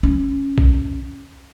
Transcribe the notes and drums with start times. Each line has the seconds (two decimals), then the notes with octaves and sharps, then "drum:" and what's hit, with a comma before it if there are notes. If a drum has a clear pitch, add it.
0.03 C#4
0.58 drum: kick B1